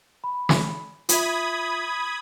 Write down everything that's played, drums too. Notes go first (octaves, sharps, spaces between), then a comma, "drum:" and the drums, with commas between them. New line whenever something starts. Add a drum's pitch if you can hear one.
B5
drum: snare
F4 E5 B5 D#6 G#6, drum: hi-hat